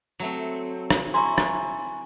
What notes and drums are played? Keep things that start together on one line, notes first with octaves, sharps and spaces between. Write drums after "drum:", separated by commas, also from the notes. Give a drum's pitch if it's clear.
F#3 A3 C4
drum: rim click
E4 G#5 A#5 C6 C#6
drum: rim click